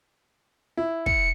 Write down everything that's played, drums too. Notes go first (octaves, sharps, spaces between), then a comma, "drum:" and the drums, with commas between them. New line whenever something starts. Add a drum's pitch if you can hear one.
E4
C#7, drum: kick